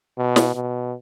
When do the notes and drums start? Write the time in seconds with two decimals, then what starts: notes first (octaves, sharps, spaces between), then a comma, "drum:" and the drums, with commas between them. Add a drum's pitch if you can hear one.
0.17 B2
0.36 drum: snare
0.54 B2